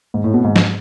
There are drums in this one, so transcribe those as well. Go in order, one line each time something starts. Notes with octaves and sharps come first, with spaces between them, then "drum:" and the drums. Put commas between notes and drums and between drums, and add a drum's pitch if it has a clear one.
G#2
A2
B2
G#2
drum: snare